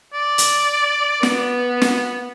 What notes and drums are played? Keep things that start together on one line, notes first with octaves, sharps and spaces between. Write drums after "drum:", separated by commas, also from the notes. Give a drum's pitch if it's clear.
D5
drum: hi-hat
B3, drum: snare
drum: snare